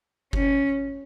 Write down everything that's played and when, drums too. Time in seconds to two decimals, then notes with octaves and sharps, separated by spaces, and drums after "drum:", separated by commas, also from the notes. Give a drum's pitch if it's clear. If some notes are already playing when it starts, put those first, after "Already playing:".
0.33 C#4, drum: kick F#1